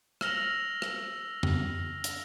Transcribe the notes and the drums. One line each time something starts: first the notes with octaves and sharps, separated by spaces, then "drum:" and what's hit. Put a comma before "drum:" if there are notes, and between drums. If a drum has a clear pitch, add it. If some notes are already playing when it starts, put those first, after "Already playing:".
E6 F6 A#6 F7 F#7, drum: rim click
drum: rim click
drum: tom F2
drum: hi-hat